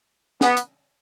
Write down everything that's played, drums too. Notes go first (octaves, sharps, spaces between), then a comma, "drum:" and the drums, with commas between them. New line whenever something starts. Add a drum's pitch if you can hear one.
B3, drum: snare
drum: hi-hat